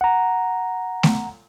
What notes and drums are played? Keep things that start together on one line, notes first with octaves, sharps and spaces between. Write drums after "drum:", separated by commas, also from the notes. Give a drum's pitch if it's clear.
F#5 A#5
drum: snare A3